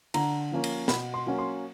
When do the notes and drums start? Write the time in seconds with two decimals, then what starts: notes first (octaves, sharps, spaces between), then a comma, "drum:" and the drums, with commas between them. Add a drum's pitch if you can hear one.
0.14 D3 A#5, drum: cymbal
0.52 F3 A#3 C#4
0.64 drum: cymbal
0.88 B2 B5, drum: snare
1.14 C6
1.26 F#3 A#3 C#4
1.38 C6